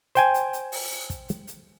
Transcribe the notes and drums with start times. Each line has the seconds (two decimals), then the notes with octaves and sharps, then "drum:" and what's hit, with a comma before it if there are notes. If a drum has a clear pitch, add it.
0.15 C5 G5 G#5, drum: hi-hat
0.34 drum: hi-hat
0.53 drum: hi-hat
0.72 drum: open hi-hat
0.91 drum: hi-hat
1.10 drum: kick, hi-hat
1.28 drum: hi-hat
1.47 drum: hi-hat